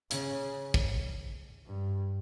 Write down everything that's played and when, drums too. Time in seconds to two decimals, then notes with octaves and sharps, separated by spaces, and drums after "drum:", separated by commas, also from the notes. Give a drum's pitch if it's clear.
0.11 C#3, drum: hi-hat
0.74 drum: kick
1.66 G2